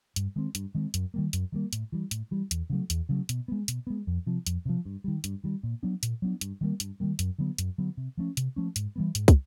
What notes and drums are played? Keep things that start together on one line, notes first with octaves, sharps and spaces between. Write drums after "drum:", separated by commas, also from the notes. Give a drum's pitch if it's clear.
G2, drum: hi-hat
D#3 G#3 C4
G2, drum: hi-hat
D#3 G#3 C4
F#2, drum: hi-hat
D#3 G3 A#3
F#2, drum: hi-hat
D#3 G3 A#3
A2, drum: hi-hat
E3 G3
A2, drum: hi-hat
E3 G3
E2, drum: hi-hat
C#3 F#3 A3
E2, drum: hi-hat
C#3 F#3 A3
B2, drum: hi-hat
G#3 B3
B2, drum: hi-hat
G#3 B3
F2
C3 F3
F2, drum: hi-hat
C3 F3
G2
D#3 G3
G2, drum: hi-hat
D#3 G3
A#2
F#3 B3 D4
A#2, drum: hi-hat
F#3 B3 D4
G2, drum: hi-hat
D#3 G3 A#3
G2, drum: hi-hat
D#3 G3 A#3
F#2, drum: hi-hat
D3 F#3 B3
F#2, drum: hi-hat
D3 F#3 B3
C3
F3 A3 C#4
C3, drum: hi-hat
F3 A3 C#4
G#2, drum: hi-hat
E3 G3 B3
G#2, drum: hi-hat
drum: kick, hi-hat